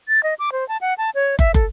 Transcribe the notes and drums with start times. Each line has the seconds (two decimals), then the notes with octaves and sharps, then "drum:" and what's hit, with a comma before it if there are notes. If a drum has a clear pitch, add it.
0.08 A6
0.23 D#5
0.39 D6
0.52 C5
0.69 A5
0.81 F#5
0.98 A5
1.15 C#5
1.39 E5, drum: kick
1.54 A4, drum: kick